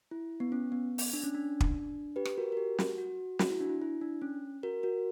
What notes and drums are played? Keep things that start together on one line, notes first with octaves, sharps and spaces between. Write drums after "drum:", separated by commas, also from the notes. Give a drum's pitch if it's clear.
E4
B3
C#4
B3
drum: open hi-hat
D4
C#4
D4
drum: kick
G4 B4
drum: rim click
F#4 A#4
A#4
G4
F#4, drum: snare
F#4
F#4, drum: snare
E4
D4
E4
E4
D4
C#4
F#4 A#4
F#4 A#4